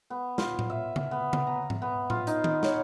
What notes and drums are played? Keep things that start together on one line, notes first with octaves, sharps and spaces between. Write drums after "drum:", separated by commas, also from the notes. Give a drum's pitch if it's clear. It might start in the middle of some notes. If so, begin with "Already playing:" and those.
B3
F4, drum: snare
drum: tom A2
E5
drum: tom C#3
B3
drum: tom C#3
A#5
drum: tom G#2
B3
F4, drum: tom A2
D#4, drum: hi-hat
drum: tom D#3
C#5, drum: snare